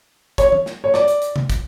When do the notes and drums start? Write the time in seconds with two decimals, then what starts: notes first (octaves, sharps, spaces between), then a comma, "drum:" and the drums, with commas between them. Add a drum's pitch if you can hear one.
0.38 C#5, drum: kick, hi-hat
0.52 drum: tom
0.66 drum: snare
0.84 C#5
0.94 D5, drum: snare
1.08 drum: hi-hat
1.22 drum: hi-hat
1.36 drum: tom C3
1.50 drum: kick, hi-hat